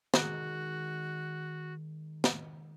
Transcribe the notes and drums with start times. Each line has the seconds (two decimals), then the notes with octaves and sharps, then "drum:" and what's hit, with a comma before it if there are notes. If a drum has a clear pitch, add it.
0.14 D#3 G#3 F#4, drum: snare
2.24 drum: snare